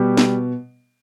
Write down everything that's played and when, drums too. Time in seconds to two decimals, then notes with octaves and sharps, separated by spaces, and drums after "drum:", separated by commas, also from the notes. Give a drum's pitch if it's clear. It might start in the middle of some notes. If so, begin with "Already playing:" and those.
Already playing: B2 G3 G4
0.17 drum: snare